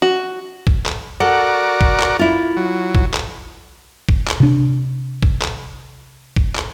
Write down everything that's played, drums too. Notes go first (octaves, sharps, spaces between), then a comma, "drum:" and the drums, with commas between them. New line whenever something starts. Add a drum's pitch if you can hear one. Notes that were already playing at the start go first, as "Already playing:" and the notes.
F#4
drum: kick
drum: clap
F#4 A4 A#4 D5 F#5
drum: kick
drum: clap
E4 F4
F#3
drum: kick
drum: clap
drum: kick
drum: clap
C3 D4
drum: kick
drum: clap
drum: kick
drum: clap